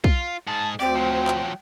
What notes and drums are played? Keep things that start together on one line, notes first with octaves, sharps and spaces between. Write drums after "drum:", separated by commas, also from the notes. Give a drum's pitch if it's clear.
F4, drum: kick
G#2 G#4 A5
D2 C4 D5 G5
F3 F#3
drum: clap